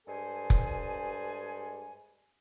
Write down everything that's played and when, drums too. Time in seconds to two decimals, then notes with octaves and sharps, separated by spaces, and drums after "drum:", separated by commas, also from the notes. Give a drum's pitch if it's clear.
0.07 G2 G#3 G#4 A4 C5 G#5
0.50 drum: kick F1